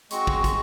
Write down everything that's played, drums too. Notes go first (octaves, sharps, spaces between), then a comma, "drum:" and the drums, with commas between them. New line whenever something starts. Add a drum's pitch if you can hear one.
G#3 C4 F#4 C#6, drum: hi-hat
drum: kick
C#6, drum: kick, hi-hat